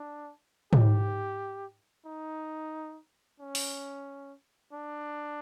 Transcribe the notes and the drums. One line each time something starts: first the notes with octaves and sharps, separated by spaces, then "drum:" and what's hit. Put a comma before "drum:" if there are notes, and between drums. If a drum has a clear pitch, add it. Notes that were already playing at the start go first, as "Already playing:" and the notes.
Already playing: D4
G4, drum: tom
D#4
C#4
drum: open hi-hat
D4